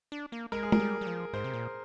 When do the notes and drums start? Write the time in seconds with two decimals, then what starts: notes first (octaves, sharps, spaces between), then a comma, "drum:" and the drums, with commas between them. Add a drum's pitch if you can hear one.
0.12 D4
0.32 A#3
0.52 G#3 A#4
0.63 G#4
0.72 A#4, drum: tom
0.79 G3
1.01 G3
1.07 F3
1.33 G#2 C5
1.44 C3
1.54 A#2